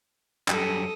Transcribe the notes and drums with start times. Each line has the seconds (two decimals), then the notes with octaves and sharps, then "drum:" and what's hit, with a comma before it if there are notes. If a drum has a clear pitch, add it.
0.48 F#2 G3 A4 D#6, drum: clap